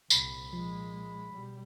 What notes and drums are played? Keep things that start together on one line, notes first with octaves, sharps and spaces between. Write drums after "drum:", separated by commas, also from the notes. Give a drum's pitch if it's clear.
C2 A#2 B5, drum: tambourine
A#2 F3 G#3
B2 G3